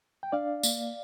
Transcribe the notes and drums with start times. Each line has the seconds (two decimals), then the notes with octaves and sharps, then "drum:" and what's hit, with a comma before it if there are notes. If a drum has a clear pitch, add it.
0.23 G5
0.32 D4 D5 F5
0.63 A#3, drum: tambourine